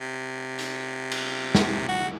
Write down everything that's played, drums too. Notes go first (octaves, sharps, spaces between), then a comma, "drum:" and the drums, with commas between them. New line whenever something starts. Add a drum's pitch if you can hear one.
C3
drum: hi-hat
drum: cymbal
drum: snare
F#4